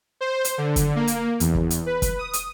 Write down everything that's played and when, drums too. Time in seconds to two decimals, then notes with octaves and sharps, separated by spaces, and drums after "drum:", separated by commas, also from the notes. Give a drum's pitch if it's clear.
0.21 C5
0.44 drum: hi-hat
0.58 D3
0.76 drum: kick, hi-hat
0.96 A#3
1.07 drum: hi-hat
1.40 E2, drum: hi-hat
1.55 drum: kick
1.70 drum: hi-hat
1.86 B4
2.02 drum: kick, hi-hat
2.19 D#6
2.33 drum: hi-hat